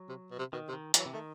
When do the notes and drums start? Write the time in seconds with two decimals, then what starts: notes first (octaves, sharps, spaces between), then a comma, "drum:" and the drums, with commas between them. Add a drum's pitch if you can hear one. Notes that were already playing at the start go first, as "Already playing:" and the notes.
Already playing: F#3
0.09 C3
0.31 B2
0.39 C3
0.53 B2 D#3
0.69 C3
0.73 D#3
0.94 E3 F#3, drum: hi-hat
1.06 C3
1.14 D#3 A3